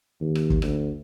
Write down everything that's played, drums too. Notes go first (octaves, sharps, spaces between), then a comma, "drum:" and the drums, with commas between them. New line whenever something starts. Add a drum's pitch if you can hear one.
D#2
drum: rim click
drum: kick
D2, drum: rim click